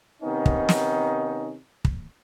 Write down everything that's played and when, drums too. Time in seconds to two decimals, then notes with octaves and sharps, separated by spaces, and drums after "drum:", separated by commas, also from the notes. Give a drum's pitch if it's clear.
0.22 C3 D#3 B3 C#4 D#4
0.46 drum: kick
0.69 drum: snare
1.85 drum: kick